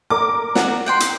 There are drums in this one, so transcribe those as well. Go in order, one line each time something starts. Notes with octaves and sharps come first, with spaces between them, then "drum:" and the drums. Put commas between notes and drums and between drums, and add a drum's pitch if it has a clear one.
A#4 D6
F#4, drum: snare
F#5 G5 C6
drum: hi-hat